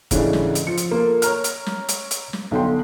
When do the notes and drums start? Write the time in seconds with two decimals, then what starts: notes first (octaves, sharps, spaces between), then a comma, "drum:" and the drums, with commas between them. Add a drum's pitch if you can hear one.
0.11 G#2 C#3 E3 A3 D4 E4, drum: kick, hi-hat
0.33 drum: snare
0.55 drum: hi-hat
0.67 F3 C#7
0.78 drum: hi-hat
0.91 A#3 F4 A4
1.22 C#5 A#5 F6, drum: hi-hat
1.44 drum: hi-hat
1.66 drum: snare
1.89 drum: hi-hat
2.11 drum: hi-hat
2.33 drum: snare
2.51 B1 D3 G5 C6